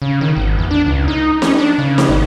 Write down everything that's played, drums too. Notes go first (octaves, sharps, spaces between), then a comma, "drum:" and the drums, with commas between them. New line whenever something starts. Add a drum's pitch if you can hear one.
C#3
D#3
G#1
E2
D4
C#2
D#4
C#4, drum: snare
D4
C#3
drum: snare
G#1